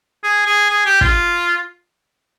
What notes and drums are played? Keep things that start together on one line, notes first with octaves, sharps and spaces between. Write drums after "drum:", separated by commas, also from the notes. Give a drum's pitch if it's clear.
G#4
G#4
G#4
G4
F4, drum: kick